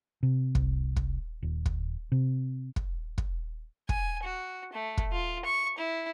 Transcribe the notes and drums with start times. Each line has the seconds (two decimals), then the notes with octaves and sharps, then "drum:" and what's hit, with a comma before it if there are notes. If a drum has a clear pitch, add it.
0.23 C3
0.55 C2, drum: kick
0.96 drum: kick
1.43 D#1
1.66 drum: kick
2.12 C3
2.76 drum: kick
3.18 drum: kick
3.89 G#5, drum: kick
4.24 F#4
4.73 A3
4.97 drum: kick
5.12 F4
5.45 C#6
5.78 E4